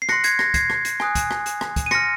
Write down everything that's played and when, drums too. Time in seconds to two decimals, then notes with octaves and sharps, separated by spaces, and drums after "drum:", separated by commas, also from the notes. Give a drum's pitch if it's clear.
0.02 C7
0.09 C6 F#6 A#6 C#7, drum: rim click
0.24 G#6 C7, drum: hi-hat
0.39 A#6, drum: rim click
0.54 G#6 C7, drum: kick, hi-hat
0.70 drum: rim click
0.85 drum: hi-hat
1.00 G#5 D#6 F#6, drum: rim click
1.15 drum: kick, hi-hat
1.31 drum: rim click
1.46 drum: hi-hat
1.61 drum: rim click
1.76 drum: kick, hi-hat
1.86 D#7
1.91 C6 F6 A#6 C#7, drum: rim click